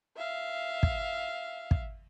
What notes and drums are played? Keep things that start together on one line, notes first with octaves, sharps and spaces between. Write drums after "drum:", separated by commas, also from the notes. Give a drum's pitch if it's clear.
E5 F5
drum: kick
drum: kick